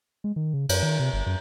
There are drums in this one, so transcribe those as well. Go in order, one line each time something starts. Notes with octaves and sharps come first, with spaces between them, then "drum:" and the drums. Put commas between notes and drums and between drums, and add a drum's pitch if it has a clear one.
G#3
D#3
C#3
F#2, drum: cymbal
D#3
C3
G1
F#2